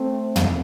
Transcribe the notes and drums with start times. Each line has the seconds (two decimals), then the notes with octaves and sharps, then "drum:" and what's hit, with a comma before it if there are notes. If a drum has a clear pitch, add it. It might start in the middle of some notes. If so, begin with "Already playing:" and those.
Already playing: A3 C4
0.36 drum: tom